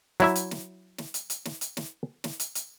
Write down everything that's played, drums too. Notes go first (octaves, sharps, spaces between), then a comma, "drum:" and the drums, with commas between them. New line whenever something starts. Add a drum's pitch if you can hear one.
F#3 E4 E5, drum: snare
drum: hi-hat
drum: snare
drum: snare
drum: hi-hat
drum: hi-hat
drum: snare
drum: hi-hat
drum: snare
drum: snare
drum: hi-hat
drum: hi-hat